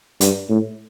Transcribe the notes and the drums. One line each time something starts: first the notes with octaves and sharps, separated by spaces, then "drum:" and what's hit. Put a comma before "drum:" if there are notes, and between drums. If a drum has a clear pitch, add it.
G2, drum: hi-hat
A2